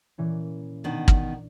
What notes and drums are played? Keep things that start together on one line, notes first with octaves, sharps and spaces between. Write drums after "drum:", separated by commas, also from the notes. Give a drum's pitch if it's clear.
A#2 E3 C#4
B2 D#3 D4
drum: kick